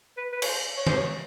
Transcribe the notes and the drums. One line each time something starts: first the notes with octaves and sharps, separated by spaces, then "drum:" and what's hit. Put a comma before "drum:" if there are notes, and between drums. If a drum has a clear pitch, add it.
B4
B4
C#5, drum: cymbal
C5
C#5
C5, drum: tom D#3
C#5